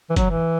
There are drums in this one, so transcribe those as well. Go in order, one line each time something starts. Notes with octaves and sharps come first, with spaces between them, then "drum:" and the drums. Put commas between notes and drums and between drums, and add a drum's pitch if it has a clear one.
E3
F#3, drum: kick F#1, hi-hat
E3